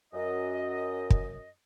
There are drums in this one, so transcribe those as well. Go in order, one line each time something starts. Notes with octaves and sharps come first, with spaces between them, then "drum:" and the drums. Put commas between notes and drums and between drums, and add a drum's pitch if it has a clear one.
F#2 D#5
drum: kick